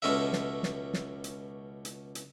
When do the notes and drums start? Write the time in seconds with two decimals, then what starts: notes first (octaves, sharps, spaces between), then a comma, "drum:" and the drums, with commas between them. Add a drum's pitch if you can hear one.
0.02 C#2 B2 C#4 A4 D#5 E5
0.33 drum: snare
0.63 drum: snare
0.94 drum: snare
1.24 drum: hi-hat
1.85 drum: hi-hat
2.15 drum: hi-hat